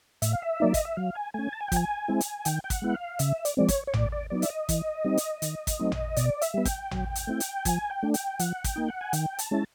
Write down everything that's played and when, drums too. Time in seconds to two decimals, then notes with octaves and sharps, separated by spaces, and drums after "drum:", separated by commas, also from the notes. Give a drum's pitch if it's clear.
0.22 A2 E5, drum: hi-hat
0.33 F5
0.42 E5
0.60 F#3 A#3 D#4 D5
0.74 D#5, drum: kick, hi-hat
0.85 E5
0.97 F#3 F5
1.15 G#5
1.34 A3 C#4 G#5
1.53 A5
1.61 G#5
1.68 G5
1.72 F3 G#5, drum: kick, hi-hat
2.08 G#3 C4 E4
2.21 drum: hi-hat
2.45 D#3 G5, drum: hi-hat
2.64 G5
2.70 F#5, drum: kick, hi-hat
2.82 G#3 B3 E4
2.94 F5
3.19 C#3 E5, drum: hi-hat
3.45 D5, drum: hi-hat
3.57 F3 G#3 C4 D5
3.68 C#5, drum: kick, hi-hat
3.87 C#5
3.93 A2 D5, drum: tom A1
4.12 D5
4.30 F#3 B3 D#4 D5
4.42 E5, drum: hi-hat
4.50 D#5
4.69 E3, drum: kick, hi-hat
5.05 G3 C4 D#4
5.17 drum: hi-hat
5.42 D#3, drum: hi-hat
5.67 drum: kick, hi-hat
5.79 F#3 A3 C4 D#4
5.92 drum: tom A1
6.16 B2 D5, drum: hi-hat
6.41 E5, drum: hi-hat
6.54 G3 B3
6.65 G5, drum: kick, hi-hat
6.91 F#3, drum: tom A1
7.15 drum: hi-hat
7.27 A3 C4 E4
7.40 drum: hi-hat
7.65 F3 G#5, drum: kick, hi-hat
7.90 G5
8.03 A3 D4
8.14 G5, drum: hi-hat
8.39 F3 F#5, drum: hi-hat
8.64 G5, drum: kick, hi-hat
8.76 A#3 D#4
8.88 F#5
9.01 G#5
9.13 D#3 G5, drum: hi-hat
9.39 A5, drum: hi-hat
9.51 G#3 C#4 E4